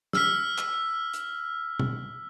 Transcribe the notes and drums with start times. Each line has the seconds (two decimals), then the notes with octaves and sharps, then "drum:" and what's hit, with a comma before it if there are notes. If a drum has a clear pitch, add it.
0.13 E6 F6 B6, drum: snare
0.58 drum: clap
1.13 drum: hi-hat
1.79 drum: tom